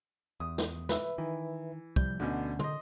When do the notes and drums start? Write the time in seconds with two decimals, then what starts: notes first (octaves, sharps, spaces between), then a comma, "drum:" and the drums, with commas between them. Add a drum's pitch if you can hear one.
0.40 E2 D#6
0.58 drum: snare
0.89 B4 E5, drum: snare
1.18 D#3 E3
1.96 C3 F3 G3 G6, drum: kick
2.20 D2 B2 D3 C#4
2.59 D3 D#5 C6, drum: tom